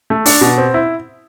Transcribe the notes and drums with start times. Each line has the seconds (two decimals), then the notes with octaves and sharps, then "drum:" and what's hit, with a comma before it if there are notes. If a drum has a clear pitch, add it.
0.10 A3
0.26 D4, drum: open hi-hat
0.41 B2
0.58 C4
0.74 E4